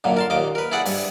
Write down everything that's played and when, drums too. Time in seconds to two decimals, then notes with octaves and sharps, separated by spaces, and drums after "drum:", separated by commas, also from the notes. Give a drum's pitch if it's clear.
0.04 F#2 A#2 D3
0.17 A#4 A5 C6
0.30 D#2 A#2 D#5 D6
0.55 A#4 B4
0.72 E4 G#4 D5 F#5
0.86 G2, drum: open hi-hat